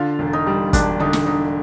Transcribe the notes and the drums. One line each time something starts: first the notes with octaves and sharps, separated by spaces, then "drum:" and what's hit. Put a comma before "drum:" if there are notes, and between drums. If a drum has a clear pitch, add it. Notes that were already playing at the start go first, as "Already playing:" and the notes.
Already playing: D3 F4
E1
D#4
G3
E1 D4, drum: kick G1, hi-hat
D3 D#4
drum: snare
D3 D#4